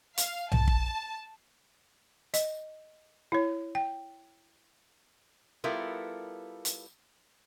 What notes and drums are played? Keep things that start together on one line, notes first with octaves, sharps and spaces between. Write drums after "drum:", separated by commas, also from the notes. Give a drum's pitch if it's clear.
F5, drum: hi-hat
A5, drum: tom B1
drum: kick
D#5, drum: hi-hat
E4 C#5
G5
G3 B3 E4 F4 A4 A#4
drum: hi-hat